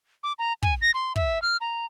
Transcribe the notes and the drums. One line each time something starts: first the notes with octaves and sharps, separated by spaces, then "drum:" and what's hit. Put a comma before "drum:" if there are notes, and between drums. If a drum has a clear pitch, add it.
D6
A#5
G#5, drum: kick
A#6
C6
E5, drum: kick
F6
A#5